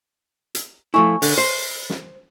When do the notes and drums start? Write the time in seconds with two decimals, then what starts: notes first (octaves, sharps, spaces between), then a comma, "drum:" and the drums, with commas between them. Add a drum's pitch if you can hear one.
0.55 drum: hi-hat
0.94 F3 A3 E4 G#5 C#6
1.22 D3, drum: open hi-hat
1.38 C5
1.90 drum: snare